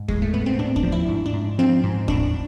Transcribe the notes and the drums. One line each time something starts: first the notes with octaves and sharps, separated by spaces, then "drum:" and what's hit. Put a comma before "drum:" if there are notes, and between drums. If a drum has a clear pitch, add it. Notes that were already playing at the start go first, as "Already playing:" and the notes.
Already playing: G#2
A2 G#3, drum: kick
A3
A2 B3
C4
A2 D4
D4, drum: kick
F3
E4
G#2
D4
G#2
F3 C4
G#2
A2 D4, drum: kick